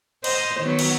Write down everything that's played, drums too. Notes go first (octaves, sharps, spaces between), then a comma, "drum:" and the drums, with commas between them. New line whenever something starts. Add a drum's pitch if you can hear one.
C5 D#5, drum: cymbal
D#3 F#3 B3
drum: cymbal